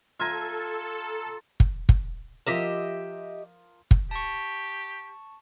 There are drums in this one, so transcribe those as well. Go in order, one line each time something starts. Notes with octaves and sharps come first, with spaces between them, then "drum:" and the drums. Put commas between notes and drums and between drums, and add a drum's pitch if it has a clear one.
F4 A4 E5 G#5 A#5
drum: kick
drum: kick
F3 F4 G4 A#4 D#5 E5
drum: kick
G4 A5 C#6